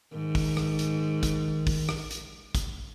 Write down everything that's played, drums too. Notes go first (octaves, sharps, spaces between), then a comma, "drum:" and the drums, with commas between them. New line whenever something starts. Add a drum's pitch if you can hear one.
G#2 D#3
drum: kick, open hi-hat
drum: rim click
drum: hi-hat
drum: kick, hi-hat
drum: kick, open hi-hat
drum: rim click
drum: hi-hat
drum: kick, hi-hat